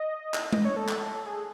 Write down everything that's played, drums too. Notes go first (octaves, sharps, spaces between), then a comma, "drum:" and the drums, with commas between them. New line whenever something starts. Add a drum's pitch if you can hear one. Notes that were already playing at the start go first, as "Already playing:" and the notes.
Already playing: D#5
drum: clap
D#5, drum: tom G#3
C#5
A4
drum: clap
G#4